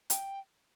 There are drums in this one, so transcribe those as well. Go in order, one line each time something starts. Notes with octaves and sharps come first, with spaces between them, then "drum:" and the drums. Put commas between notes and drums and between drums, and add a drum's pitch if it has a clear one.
G5, drum: hi-hat